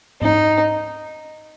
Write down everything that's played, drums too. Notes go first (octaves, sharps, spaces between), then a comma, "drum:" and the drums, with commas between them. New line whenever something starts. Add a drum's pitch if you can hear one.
D#4, drum: tom G#2